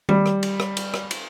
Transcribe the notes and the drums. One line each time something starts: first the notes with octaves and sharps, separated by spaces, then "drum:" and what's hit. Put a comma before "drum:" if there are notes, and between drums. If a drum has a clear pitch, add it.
G3, drum: tom D#3
drum: rim click
drum: cymbal
drum: rim click
drum: cymbal
drum: rim click
drum: cymbal